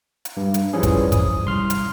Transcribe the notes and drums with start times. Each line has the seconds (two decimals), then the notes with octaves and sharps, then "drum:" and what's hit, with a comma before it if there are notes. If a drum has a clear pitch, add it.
0.25 drum: hi-hat
0.37 G2
0.54 drum: hi-hat
0.73 E3 F3 G3 C#4 G#4
0.83 drum: kick, hi-hat
1.12 D#6, drum: kick, hi-hat
1.46 C2 C6 F6
1.70 drum: hi-hat